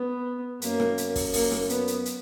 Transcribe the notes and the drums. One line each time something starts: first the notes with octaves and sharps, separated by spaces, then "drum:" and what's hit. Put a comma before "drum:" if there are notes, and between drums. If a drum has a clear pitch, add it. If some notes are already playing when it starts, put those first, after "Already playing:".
Already playing: B3
F#2 A#3, drum: hi-hat
drum: rim click
drum: hi-hat
drum: kick, open hi-hat
A#3, drum: open hi-hat
drum: rim click
B3, drum: hi-hat
drum: hi-hat
drum: hi-hat